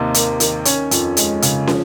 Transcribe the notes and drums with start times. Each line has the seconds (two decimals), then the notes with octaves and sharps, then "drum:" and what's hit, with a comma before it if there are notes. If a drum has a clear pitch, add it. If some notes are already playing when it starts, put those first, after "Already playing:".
Already playing: D#2 C3 D#4
0.14 A#3, drum: hi-hat
0.40 D#3, drum: hi-hat
0.65 C#4 C#5, drum: hi-hat
0.91 F2, drum: hi-hat
1.17 G#3, drum: hi-hat
1.42 C#3, drum: hi-hat
1.67 F3, drum: snare